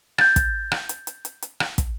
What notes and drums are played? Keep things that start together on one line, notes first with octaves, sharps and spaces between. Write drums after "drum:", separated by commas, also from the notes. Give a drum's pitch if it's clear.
G6 A6, drum: rim click
drum: kick, hi-hat
drum: rim click
drum: hi-hat
drum: hi-hat
drum: hi-hat
drum: hi-hat
drum: rim click
drum: kick, hi-hat